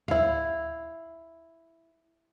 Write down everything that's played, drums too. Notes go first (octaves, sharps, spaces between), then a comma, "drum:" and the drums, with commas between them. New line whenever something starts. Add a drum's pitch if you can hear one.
E4 F5, drum: tom D2